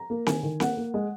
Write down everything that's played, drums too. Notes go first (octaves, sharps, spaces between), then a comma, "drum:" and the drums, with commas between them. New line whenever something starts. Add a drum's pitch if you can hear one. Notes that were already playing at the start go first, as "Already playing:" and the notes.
Already playing: A#5
A#3
D#3 G#5, drum: snare C4
D#3
A#3 F#5, drum: snare C4
A#3
G#3